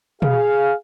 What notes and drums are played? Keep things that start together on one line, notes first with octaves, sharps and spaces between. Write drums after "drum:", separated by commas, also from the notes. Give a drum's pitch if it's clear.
G#4 F5, drum: tom